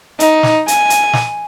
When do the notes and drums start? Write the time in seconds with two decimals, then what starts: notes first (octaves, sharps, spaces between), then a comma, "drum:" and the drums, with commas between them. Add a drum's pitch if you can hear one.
0.20 D#4, drum: hi-hat
0.43 drum: snare
0.68 G#5, drum: hi-hat
0.90 drum: hi-hat
1.13 drum: snare